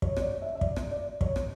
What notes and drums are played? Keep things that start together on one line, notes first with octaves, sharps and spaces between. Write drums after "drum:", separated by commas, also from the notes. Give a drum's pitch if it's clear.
C#5, drum: kick
C#5, drum: rim click
D5
E5
E5
D5, drum: kick
drum: rim click
D5
C#5, drum: kick
drum: rim click